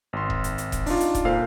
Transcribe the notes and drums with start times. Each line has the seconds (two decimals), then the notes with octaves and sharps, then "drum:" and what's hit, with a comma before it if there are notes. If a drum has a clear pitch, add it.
0.13 G#1 C6
0.30 drum: kick E1
0.44 drum: hi-hat
0.58 drum: hi-hat
0.72 drum: kick E1, hi-hat
0.86 D4 D#4 F4, drum: open hi-hat
1.00 drum: hi-hat
1.15 drum: kick E1, hi-hat
1.25 A#2 A4 C5 F5